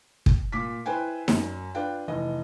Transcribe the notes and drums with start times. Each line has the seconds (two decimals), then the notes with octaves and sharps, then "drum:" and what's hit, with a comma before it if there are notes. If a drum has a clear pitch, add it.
0.26 drum: kick
0.52 A#2 D6 B6
0.86 E4 B4 C5 G5 G#5
1.28 F#2, drum: snare D#4
1.75 D4 F4 B4 G5
2.08 F1 E3 D#5